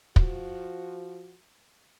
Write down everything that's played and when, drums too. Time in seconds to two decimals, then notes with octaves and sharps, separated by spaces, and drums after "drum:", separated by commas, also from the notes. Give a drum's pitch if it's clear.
0.16 F3 F#4, drum: kick